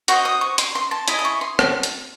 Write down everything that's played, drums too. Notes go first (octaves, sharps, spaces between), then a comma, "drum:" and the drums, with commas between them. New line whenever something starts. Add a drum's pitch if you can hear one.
F#4 C5 D#5 C#6, drum: hi-hat
D#6
C#6
C6, drum: hi-hat
C6
A5
E4 G#4 D#5 G#5, drum: hi-hat
D#6
C#6
C6
A5, drum: rim click
drum: hi-hat